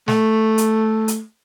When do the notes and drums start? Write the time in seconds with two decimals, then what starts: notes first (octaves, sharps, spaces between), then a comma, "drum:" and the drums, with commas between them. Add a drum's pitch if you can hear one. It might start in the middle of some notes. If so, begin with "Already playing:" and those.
0.08 A3, drum: snare
0.58 drum: hi-hat
1.08 drum: hi-hat